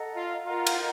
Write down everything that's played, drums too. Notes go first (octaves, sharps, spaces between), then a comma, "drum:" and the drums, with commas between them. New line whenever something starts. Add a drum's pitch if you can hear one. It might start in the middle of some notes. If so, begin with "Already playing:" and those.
Already playing: A4 D#5 F#5 A#5
F4
F4 A#4 D#5 F#5 A#5
drum: cymbal